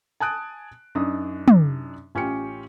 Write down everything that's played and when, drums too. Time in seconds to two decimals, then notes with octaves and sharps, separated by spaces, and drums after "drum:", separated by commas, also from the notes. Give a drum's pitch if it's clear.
0.20 G#5 A5 D#6 F#6 D7
0.95 F#2 D4 D#4 D#6
1.48 drum: tom
2.15 A1 C#4 F4 G4 G5 C#7